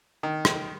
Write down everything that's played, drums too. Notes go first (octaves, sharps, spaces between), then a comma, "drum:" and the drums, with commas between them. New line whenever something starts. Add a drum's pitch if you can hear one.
D#3
drum: rim click